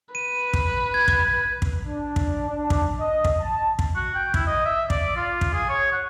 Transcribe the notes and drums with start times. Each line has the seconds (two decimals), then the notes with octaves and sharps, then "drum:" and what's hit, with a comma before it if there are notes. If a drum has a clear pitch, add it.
0.15 B4 D#7
0.53 drum: kick
0.94 G#6
1.08 drum: kick
1.62 drum: kick
1.87 D4
2.16 drum: kick
2.49 D4
2.70 drum: kick
2.99 D#5
3.24 drum: kick
3.40 A5
3.79 drum: kick
3.95 F#4
4.15 G5
4.34 E4, drum: kick
4.47 D#5
4.65 E5
4.90 D5, drum: kick
5.16 F4
5.41 drum: kick
5.54 G#4
5.69 C#5
5.92 F#5